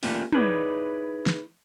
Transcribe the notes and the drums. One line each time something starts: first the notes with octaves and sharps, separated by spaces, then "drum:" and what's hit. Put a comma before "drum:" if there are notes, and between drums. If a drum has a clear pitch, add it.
A3 A#3 C#4 D4 F4 G4, drum: open hi-hat
D#4 E4 G#4 B4 C#5 D5, drum: tom
drum: snare